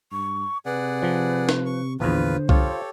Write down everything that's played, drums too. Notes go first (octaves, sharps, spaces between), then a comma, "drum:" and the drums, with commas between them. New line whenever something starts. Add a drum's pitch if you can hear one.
G2 C#6
C3 G#4 B4 D5 F#5
F3
drum: snare
C#6
A#1 E2 D3 F4 B4 C5
F4 G4 A4 C#5, drum: kick C2